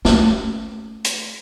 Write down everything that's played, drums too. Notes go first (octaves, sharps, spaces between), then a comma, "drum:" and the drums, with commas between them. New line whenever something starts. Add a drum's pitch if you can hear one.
A3 C#4, drum: snare
drum: hi-hat